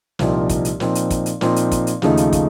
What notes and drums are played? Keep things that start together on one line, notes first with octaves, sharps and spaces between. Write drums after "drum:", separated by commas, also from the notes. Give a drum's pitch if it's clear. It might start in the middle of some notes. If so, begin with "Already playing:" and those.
C2 A#2 F3 C4 D#4, drum: snare
drum: kick, hi-hat
drum: hi-hat
A#2 F3 C4 D#4, drum: snare
drum: hi-hat
drum: kick, hi-hat
drum: hi-hat
A#2 F3 C4 D#4, drum: snare
drum: hi-hat
drum: kick, hi-hat
drum: hi-hat
D#2 C#3 F3 A3 D#4, drum: snare
drum: hi-hat
drum: kick, hi-hat